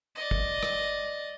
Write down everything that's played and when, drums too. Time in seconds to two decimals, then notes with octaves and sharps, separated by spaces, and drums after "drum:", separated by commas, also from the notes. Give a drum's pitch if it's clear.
0.16 D5 D#5
0.31 drum: kick G1
0.63 drum: rim click